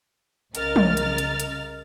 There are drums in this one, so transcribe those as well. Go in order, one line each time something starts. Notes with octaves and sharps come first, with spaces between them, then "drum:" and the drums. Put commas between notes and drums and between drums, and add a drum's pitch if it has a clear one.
C2 C#3 A#4 D#5 F6 A6, drum: hi-hat
drum: tom
drum: hi-hat
drum: hi-hat
drum: hi-hat